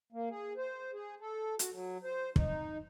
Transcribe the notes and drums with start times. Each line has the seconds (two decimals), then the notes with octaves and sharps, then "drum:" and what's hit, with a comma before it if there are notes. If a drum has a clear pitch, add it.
0.12 A#3
0.30 G#4
0.57 C5
0.93 G#4
1.20 A4
1.59 F#4, drum: hi-hat
1.72 F#3
2.03 C5
2.36 D#4, drum: kick